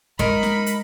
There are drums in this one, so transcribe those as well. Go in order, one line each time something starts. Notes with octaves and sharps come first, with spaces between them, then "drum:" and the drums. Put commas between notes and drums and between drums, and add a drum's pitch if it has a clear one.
G#3 D#4 A#4 B5, drum: kick
drum: snare
drum: hi-hat